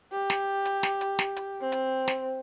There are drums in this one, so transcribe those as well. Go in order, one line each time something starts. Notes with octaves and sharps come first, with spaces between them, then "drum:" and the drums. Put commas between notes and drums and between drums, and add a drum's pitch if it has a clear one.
G4
drum: snare
drum: hi-hat
drum: snare
drum: hi-hat
drum: snare
drum: hi-hat
C4
drum: hi-hat
drum: snare